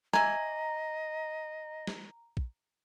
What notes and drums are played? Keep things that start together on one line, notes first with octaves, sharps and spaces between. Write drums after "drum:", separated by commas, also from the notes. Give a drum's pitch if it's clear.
D#5 E5 G#5 A#5, drum: snare
drum: snare
drum: kick